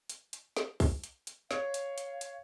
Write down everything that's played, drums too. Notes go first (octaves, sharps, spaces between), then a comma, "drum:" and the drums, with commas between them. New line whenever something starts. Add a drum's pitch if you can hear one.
drum: hi-hat
drum: hi-hat
drum: snare
drum: kick, open hi-hat
drum: hi-hat
drum: hi-hat
C#5 F5, drum: snare
drum: hi-hat
drum: hi-hat
drum: hi-hat